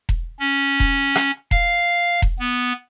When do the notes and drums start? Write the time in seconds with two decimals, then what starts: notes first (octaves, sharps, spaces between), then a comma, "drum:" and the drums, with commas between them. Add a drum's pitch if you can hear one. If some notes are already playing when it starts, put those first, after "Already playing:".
0.09 drum: kick E1
0.40 C#4
0.80 drum: kick E1
1.15 drum: rim click
1.51 F5, drum: kick E1
2.22 drum: kick E1
2.39 B3